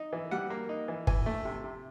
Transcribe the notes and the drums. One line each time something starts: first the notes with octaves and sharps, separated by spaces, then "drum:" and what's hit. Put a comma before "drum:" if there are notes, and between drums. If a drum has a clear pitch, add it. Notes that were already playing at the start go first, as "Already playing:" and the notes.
Already playing: D#4
E3
G3 F#5
A#3
D#4
E3
E3 G#5, drum: kick
A3
C3
C3